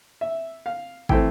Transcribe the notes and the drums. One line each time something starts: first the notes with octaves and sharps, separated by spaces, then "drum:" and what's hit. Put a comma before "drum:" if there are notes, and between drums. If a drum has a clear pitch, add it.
E5
F5
E3 A3 C4 G5, drum: kick